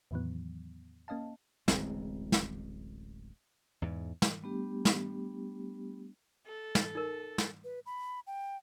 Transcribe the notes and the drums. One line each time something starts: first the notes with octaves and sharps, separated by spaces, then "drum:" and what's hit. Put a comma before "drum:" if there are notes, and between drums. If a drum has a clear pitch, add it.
E2 A2 D#3 E3 F#3 B3
A#3 C#4 D#5 F5 A5
D1 A1 G#3 C4, drum: snare
drum: snare
E2 G#2
drum: snare
G3 A3 B3 D4 G4
drum: snare
A4
drum: snare
D#4 A#4
drum: snare
B4
B5
G5